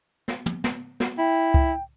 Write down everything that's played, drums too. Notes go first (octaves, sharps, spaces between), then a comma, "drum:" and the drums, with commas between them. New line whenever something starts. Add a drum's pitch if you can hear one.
drum: snare
drum: tom
drum: snare
drum: snare
E4 G5
drum: kick C2